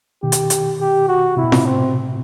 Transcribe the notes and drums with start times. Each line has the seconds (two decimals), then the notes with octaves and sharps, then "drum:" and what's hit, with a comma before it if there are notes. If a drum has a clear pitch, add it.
0.23 B2 D#3 G4
0.32 drum: hi-hat
0.50 drum: hi-hat
0.81 G4
1.08 F#4
1.37 C3 E4
1.44 B2
1.52 A2 C3, drum: snare
1.66 C4